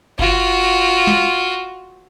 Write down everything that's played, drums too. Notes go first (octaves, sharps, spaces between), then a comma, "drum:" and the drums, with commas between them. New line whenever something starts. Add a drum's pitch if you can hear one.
F4 F#4, drum: kick F#1
drum: snare